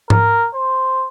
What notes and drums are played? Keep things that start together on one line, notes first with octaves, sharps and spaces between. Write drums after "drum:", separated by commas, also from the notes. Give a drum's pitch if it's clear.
A#4, drum: tom G#2
C5